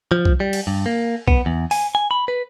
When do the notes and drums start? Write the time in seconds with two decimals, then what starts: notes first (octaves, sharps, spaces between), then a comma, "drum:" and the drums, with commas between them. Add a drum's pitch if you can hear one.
0.12 F3
0.25 drum: kick B1
0.40 G3
0.53 drum: cymbal
0.67 G2
0.86 A#3
1.28 B3, drum: kick B1
1.46 E2
1.71 G#5, drum: open hi-hat
1.95 G#5
2.11 B5
2.28 B4